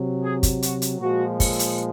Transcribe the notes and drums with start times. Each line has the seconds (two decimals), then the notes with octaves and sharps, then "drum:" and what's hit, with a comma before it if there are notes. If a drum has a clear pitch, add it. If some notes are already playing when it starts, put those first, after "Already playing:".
Already playing: C3 F#3
0.23 G#4
0.43 drum: kick, hi-hat
0.62 F#4, drum: hi-hat
0.82 drum: hi-hat
1.00 A#2 F3 G#3 F#4
1.40 drum: kick, open hi-hat
1.59 drum: hi-hat